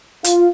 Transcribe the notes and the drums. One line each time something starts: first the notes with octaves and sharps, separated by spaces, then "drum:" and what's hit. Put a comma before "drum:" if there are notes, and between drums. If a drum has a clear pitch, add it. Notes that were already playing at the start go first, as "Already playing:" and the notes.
F4, drum: hi-hat